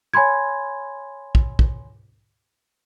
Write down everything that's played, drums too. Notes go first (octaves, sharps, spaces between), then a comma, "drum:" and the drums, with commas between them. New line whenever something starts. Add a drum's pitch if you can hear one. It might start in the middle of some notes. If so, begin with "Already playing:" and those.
C#5 G#5 B5 C6 G#6
drum: kick
drum: kick